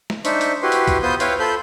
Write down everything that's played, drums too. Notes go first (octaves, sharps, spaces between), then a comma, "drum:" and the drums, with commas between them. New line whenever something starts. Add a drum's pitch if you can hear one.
drum: snare
D4 D#4 C5 E5 C#6, drum: hi-hat
drum: hi-hat
E4 F#4 G4 B4 C6
drum: hi-hat
drum: kick, hi-hat
B3 F4 C5 C6 D#6 G6
E4 B4 C#5 F5 G5 C6, drum: hi-hat
F4 A4 C5 B5 C6 G6